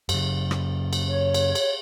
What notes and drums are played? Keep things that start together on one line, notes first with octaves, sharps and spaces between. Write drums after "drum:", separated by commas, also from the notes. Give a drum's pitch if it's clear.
F#2 C#3, drum: cymbal
drum: rim click
drum: cymbal
C#5
drum: cymbal
drum: cymbal